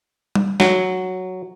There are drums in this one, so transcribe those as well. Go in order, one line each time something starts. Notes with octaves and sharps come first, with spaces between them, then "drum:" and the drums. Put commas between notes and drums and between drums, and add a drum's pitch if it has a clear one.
drum: tom G3
F#3, drum: snare